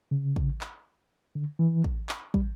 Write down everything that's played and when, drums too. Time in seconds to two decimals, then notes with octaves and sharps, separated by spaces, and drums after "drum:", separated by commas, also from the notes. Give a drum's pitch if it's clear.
0.11 C#3
0.36 drum: kick
0.61 drum: clap
1.35 D3
1.59 E3
1.84 drum: kick
2.09 drum: clap
2.34 G3, drum: kick